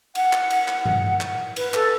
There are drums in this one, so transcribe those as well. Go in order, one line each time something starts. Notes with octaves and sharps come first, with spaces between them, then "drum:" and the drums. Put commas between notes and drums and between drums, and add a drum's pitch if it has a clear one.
F#5, drum: cymbal
drum: clap
drum: cymbal
drum: clap
drum: tom G2
drum: clap
B4, drum: cymbal
A4, drum: clap